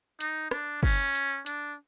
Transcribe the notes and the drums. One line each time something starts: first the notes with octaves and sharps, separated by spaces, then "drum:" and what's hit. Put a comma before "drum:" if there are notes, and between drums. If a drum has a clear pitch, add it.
D#4, drum: hi-hat
D4, drum: rim click
C#4, drum: kick G1
drum: hi-hat
D4, drum: hi-hat